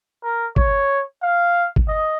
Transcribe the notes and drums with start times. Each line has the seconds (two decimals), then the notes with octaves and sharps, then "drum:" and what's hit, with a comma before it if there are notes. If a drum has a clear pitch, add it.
0.23 A#4
0.56 C#5, drum: kick
1.22 F5
1.76 drum: kick
1.88 D#5